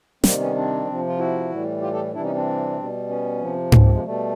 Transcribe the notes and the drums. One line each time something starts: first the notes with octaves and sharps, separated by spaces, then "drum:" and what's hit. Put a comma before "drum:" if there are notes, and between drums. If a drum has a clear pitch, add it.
C3 D#3 G3 A#3 C4, drum: snare
B3 C#4
C4 D4
C3 F3
F4
E4 F#4
A2 E3 G3
F4 G4
G4 A4
C3 E3 G3 D4 E4
C#4 D#4
C4 D4
B2 G3
B3 C#4
C3 F3
B3 C#4, drum: tom G#2
A#3 C4
G#3
A#3
B2 G3 A3